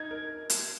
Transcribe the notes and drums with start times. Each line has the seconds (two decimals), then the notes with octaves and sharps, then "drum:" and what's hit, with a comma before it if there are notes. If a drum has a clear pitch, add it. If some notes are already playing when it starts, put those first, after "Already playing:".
Already playing: D#4 G#6
0.11 A#4
0.50 drum: hi-hat